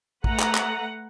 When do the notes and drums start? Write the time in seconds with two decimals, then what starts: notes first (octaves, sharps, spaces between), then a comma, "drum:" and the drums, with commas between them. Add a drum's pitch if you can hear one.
0.24 A3 B4 F#5 A#5, drum: kick
0.39 drum: clap
0.55 drum: clap